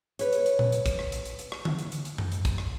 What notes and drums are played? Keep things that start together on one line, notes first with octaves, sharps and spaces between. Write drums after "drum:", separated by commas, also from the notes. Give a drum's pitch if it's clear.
B4 C#5, drum: hi-hat
drum: hi-hat
drum: hi-hat
drum: tom A#2
drum: hi-hat
drum: kick, hi-hat
drum: rim click
drum: hi-hat
drum: hi-hat
drum: hi-hat
drum: rim click
drum: tom D3
drum: hi-hat
drum: hi-hat
drum: hi-hat
drum: tom F#2
drum: hi-hat
drum: kick, hi-hat
drum: rim click